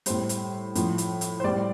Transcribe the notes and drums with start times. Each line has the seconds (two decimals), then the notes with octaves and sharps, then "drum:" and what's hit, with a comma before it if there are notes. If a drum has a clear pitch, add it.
0.06 A2 G3 C5, drum: hi-hat
0.29 drum: hi-hat
0.75 A2 F3, drum: hi-hat
0.98 drum: hi-hat
1.21 drum: hi-hat
1.40 C5
1.44 A2 G3 D5